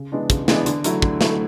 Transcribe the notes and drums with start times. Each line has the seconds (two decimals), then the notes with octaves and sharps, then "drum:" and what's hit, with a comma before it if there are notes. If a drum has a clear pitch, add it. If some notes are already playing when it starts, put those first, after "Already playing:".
Already playing: C#3
0.12 E3 G#3 B3 D4
0.30 C#3, drum: kick, hi-hat
0.48 E3 G#3 B3 D4, drum: snare
0.66 D3, drum: hi-hat
0.84 F#3 A3 E4, drum: hi-hat
1.02 D3, drum: kick
1.21 F#3 A3 E4, drum: snare